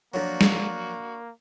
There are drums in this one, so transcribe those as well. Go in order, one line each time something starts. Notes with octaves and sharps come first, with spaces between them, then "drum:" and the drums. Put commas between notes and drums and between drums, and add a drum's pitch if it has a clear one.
F3 F#3 A#3 D4 F#4 A#4 C#5
drum: snare